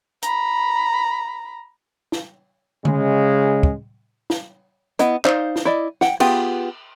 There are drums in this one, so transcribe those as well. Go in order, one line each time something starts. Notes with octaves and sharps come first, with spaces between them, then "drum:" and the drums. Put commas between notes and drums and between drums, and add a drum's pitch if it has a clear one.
A#5 B5, drum: hi-hat
drum: snare
C#3 G#3, drum: tom D3
drum: kick
drum: snare
B3 E4 D#5, drum: hi-hat
D#4 C5 D5 F5, drum: clap
drum: snare
E4 D5 D#5
F#5 G5, drum: snare
B3 F4 G4 G#4, drum: cymbal